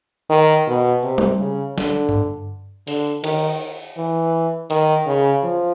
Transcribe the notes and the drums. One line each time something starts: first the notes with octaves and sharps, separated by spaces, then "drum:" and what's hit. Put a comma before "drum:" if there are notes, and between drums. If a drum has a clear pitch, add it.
D#3
B2
C3
drum: tom G3
C#3
D3, drum: snare
drum: tom G2
D3, drum: open hi-hat
D#3, drum: cymbal
E3
D#3, drum: hi-hat
C#3
F3